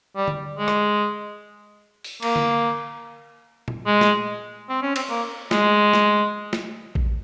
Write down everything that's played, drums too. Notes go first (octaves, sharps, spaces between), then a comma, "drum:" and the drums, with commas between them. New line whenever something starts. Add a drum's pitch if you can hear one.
G3
drum: tom D3
G#3
drum: rim click
drum: open hi-hat
A#3, drum: cymbal
drum: tom D3
drum: tom A#2
G#3
drum: snare
C4
C#4
C4, drum: cymbal
A#3
G#3, drum: snare
drum: snare
drum: snare
drum: kick A1